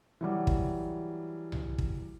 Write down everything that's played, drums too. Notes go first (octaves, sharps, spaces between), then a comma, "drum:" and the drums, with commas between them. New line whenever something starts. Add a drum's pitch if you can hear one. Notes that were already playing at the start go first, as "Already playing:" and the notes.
E3 F#3 G3
drum: kick
drum: tom B1
drum: kick